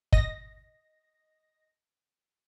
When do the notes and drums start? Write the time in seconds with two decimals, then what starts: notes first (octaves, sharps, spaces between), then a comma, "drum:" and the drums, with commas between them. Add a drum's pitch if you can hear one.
0.12 D#5 A#6, drum: kick